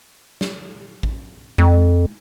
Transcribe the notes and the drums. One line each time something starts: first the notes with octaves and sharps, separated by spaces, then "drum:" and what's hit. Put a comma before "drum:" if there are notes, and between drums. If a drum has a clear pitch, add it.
drum: snare
drum: kick A1
F2, drum: tom G#3